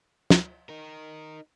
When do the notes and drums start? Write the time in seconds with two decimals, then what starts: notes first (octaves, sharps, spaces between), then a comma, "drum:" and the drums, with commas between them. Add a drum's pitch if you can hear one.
0.30 drum: snare
0.69 D#4 A#4